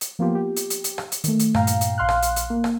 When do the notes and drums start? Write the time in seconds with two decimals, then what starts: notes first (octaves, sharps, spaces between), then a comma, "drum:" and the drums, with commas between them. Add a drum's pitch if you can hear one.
0.01 drum: hi-hat
0.19 F3 A#3 B3 F4 G4
0.35 G4
0.56 drum: hi-hat
0.70 drum: hi-hat
0.84 drum: hi-hat
0.98 drum: rim click
1.12 drum: hi-hat
1.24 D#3 A3, drum: hi-hat
1.39 drum: hi-hat
1.54 G2 A#2 F5 G5 A#5, drum: rim click
1.67 drum: hi-hat
1.81 drum: hi-hat
1.98 A#1 F5 C6 F6 F#6
2.09 drum: rim click
2.22 drum: hi-hat
2.36 drum: hi-hat
2.50 A#3
2.64 drum: rim click